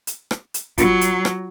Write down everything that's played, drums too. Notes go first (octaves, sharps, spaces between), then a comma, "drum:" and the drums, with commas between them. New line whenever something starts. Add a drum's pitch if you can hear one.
drum: hi-hat
drum: rim click
drum: hi-hat
F#3 F4 B5, drum: kick, hi-hat
drum: hi-hat
drum: rim click